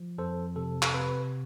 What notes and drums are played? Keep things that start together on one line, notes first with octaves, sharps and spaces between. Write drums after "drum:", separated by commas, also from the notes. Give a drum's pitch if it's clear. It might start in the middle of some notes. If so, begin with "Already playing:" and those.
Already playing: F3
F2 A4 C5
C3 A4
A4, drum: clap
C3 B4